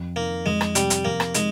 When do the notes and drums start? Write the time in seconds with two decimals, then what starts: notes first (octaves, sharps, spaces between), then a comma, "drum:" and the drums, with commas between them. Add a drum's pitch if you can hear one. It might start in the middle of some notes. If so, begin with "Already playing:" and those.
Already playing: F2
0.16 D#3 A#3
0.46 F2 G#3
0.61 drum: rim click
0.75 C3 G3, drum: hi-hat
0.90 drum: hi-hat
1.05 F2 A#3
1.20 drum: rim click
1.34 D#3 G#3, drum: hi-hat